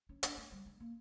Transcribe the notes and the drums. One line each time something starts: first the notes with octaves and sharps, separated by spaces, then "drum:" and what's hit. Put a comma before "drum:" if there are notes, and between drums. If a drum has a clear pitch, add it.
C#4
D4, drum: hi-hat
A3
G3
G#3
A#3